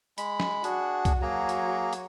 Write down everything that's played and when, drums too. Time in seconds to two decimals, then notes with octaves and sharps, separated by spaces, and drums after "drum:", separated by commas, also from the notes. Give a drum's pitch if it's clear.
0.18 G#3 B5, drum: hi-hat
0.40 drum: snare
0.64 D4 F#4 G#4, drum: hi-hat
1.05 drum: kick C2, hi-hat
1.22 F#3 A#3 G#4 A#5
1.49 drum: hi-hat
1.93 drum: hi-hat